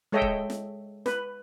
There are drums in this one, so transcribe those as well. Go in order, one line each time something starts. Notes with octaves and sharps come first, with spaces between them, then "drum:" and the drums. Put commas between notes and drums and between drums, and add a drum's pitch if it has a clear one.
G#3 A4 C#5 D#5 E5 G5
drum: kick
drum: snare
B4, drum: snare